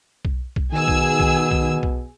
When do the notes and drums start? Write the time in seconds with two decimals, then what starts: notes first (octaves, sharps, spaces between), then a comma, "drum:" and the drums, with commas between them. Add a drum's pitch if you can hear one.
0.25 drum: kick B1
0.56 drum: kick B1
0.72 B2 D#3 G#4 G#5 E6
0.88 drum: kick B1
1.20 drum: kick B1
1.51 drum: kick B1
1.83 drum: kick B1